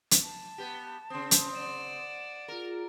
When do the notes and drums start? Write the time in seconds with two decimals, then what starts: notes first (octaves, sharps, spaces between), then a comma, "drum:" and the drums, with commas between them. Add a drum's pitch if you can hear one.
0.11 drum: hi-hat
0.23 A5
0.58 B3 G4
1.10 C#3 C4 C6 D#6
1.31 drum: hi-hat
1.55 D5 F#5 E7
2.48 F4 G#4 A#4